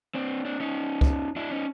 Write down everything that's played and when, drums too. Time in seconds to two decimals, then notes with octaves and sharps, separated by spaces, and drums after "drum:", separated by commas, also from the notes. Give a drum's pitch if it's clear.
0.14 C4 D4
0.45 C4 D4
0.60 C#4 D#4
1.01 drum: kick C#2
1.36 D4 E4
1.51 C#4 D#4